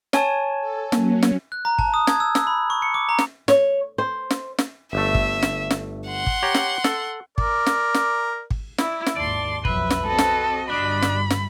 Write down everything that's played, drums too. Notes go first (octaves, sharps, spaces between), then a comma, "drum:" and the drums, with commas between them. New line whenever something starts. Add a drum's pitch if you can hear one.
C#5 G#5 A5, drum: snare
A4
F#3 A#3 C#4, drum: snare
drum: snare
F#6
A#5
A5, drum: kick G#1
D#6
G#6, drum: snare
E6
E6, drum: snare
B5
C#6
C#7
D6
A#5
drum: snare
C#5, drum: snare
C5
drum: snare
drum: snare
G1 A3 E5
drum: kick G#1
drum: snare
drum: snare
F#5 C6
drum: kick G#1
G4 C#5 A#5
drum: snare
A4, drum: snare
A#4 D5, drum: kick G#1
drum: snare
drum: snare
drum: kick G#1
E4 D5, drum: snare
drum: snare
G#1 D#2 D5 A5 C6
B1 F2 F#3 B4 E5, drum: kick G#1
drum: snare
C4 F#4 A4 D#5
drum: snare
G1 G3 D4 B5
drum: snare
drum: snare